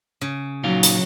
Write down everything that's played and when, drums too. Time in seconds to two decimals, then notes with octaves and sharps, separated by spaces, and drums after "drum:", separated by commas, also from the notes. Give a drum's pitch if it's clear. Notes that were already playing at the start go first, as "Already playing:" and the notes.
0.21 C#3
0.64 A#2 F#3 D#4 F5
0.83 drum: hi-hat